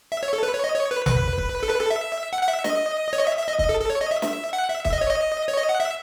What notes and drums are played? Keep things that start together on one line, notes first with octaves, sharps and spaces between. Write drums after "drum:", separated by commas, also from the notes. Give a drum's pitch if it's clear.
E5
C#5
A4
B4
C#5
D#5
C#5
B4
B4, drum: tom A1
drum: kick
A4
B4
A4
E5
F#5
F#5
E5
D#5, drum: snare
C#5
D#5
E5
E5
D#5
D#5, drum: kick
A4
A4
C#5
D#5
E5
E5, drum: snare
F#5
E5
E5, drum: kick
D#5
C#5
D#5
C#5
D#5
F#5
E5